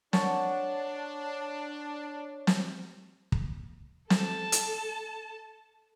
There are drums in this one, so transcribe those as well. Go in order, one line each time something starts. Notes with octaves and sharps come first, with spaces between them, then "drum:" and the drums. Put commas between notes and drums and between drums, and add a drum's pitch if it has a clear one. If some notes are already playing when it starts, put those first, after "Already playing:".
D4 C#5 F#5 A5, drum: snare
drum: snare
drum: kick
A4 A5, drum: snare
drum: hi-hat